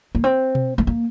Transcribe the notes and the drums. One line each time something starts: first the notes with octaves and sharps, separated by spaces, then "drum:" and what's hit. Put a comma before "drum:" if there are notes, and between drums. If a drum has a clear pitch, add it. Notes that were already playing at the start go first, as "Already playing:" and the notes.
A#3
C4
drum: tom B2
A3
A#3